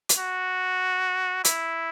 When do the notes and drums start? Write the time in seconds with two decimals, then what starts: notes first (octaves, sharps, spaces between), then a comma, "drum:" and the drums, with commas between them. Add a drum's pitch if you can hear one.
0.09 drum: hi-hat
0.18 F#4
1.44 E4, drum: hi-hat